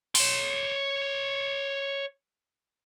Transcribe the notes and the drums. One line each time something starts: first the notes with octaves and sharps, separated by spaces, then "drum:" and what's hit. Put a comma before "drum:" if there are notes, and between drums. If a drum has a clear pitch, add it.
C#5 C6, drum: open hi-hat